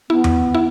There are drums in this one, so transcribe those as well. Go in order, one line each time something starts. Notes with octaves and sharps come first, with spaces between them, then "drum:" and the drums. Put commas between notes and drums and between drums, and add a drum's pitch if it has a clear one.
B3 E4
drum: tom E2
E4